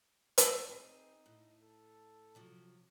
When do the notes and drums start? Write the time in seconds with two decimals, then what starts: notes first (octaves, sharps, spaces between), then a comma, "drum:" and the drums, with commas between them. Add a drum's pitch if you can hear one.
0.38 drum: hi-hat
0.69 C4 D#4 G#4
1.26 A2
1.61 A4
2.35 C3 F3 F#3